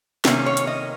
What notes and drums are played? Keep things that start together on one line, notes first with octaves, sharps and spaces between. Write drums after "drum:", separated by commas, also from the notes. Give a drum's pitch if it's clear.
C3 D#3 A#3 C#4, drum: snare
C#5
drum: hi-hat
D#5